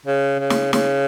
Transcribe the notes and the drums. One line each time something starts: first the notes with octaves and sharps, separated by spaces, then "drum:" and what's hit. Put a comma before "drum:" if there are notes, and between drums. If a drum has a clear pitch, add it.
C#3
C#3
drum: snare
C#3, drum: snare